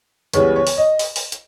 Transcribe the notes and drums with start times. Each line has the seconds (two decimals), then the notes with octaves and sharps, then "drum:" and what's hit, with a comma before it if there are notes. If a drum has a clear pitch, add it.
0.33 C#2 C#3 E3 G3 B3 C#5, drum: hi-hat
0.56 C#5
0.67 drum: open hi-hat
0.77 D#5
0.99 drum: open hi-hat
1.16 drum: open hi-hat
1.32 drum: hi-hat